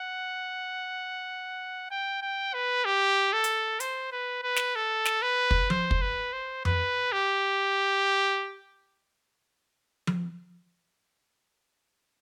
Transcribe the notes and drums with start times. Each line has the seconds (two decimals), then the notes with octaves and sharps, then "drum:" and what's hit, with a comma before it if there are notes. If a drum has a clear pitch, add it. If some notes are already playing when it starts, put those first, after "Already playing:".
Already playing: F#5
1.91 G5
2.22 G5
2.54 B4
2.85 G4
3.33 A4
3.44 drum: hi-hat
3.80 C5, drum: hi-hat
4.12 B4
4.43 B4
4.56 drum: snare
4.76 A4
5.05 drum: snare
5.22 B4
5.51 drum: kick
5.70 C5, drum: tom F3
5.91 drum: kick
6.02 B4
6.33 C5
6.65 B4, drum: tom F2
7.12 G4
10.07 drum: tom F3